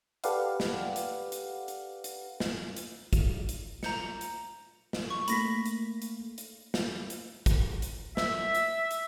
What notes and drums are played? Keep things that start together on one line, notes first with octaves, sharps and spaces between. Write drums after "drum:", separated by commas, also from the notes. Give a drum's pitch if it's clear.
G4 A4 B4 D5 F5 F#5, drum: hi-hat
drum: snare
drum: hi-hat
drum: hi-hat
drum: hi-hat
drum: hi-hat
drum: snare
drum: hi-hat
drum: kick, hi-hat
drum: hi-hat
A#5 G6 C#7, drum: snare
drum: hi-hat
drum: snare
C#6
A3 A#3 B5 A#6 B6, drum: hi-hat
drum: hi-hat
drum: hi-hat
drum: hi-hat
drum: snare
drum: hi-hat
drum: kick, hi-hat
drum: hi-hat
E5, drum: snare
drum: hi-hat
drum: hi-hat